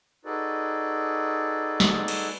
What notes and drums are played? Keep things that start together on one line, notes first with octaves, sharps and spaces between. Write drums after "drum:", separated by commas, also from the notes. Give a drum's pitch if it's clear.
D#4 F#4 G#4 A4 B4 D5
drum: snare
drum: cymbal